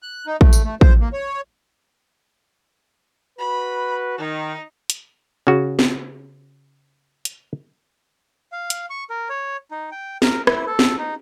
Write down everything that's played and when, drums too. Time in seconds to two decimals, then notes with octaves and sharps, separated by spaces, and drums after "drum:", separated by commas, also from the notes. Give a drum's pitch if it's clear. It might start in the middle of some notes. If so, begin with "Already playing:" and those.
0.02 F#6
0.27 D#4
0.41 A3, drum: kick
0.53 drum: tambourine
0.65 A3
0.81 C5, drum: kick
1.01 A#3
1.13 C#5
3.39 F#4 B4 B5
4.18 D#3 D#4
4.90 drum: hi-hat
5.47 C#3 F#4
5.79 drum: snare
7.25 drum: hi-hat
8.52 F5
8.70 drum: hi-hat
8.90 C#6
9.10 A#4
9.29 C#5
9.71 D#4
9.92 G5
10.22 A#4, drum: snare
10.47 E4, drum: rim click
10.67 A4
10.79 drum: snare
10.98 D#4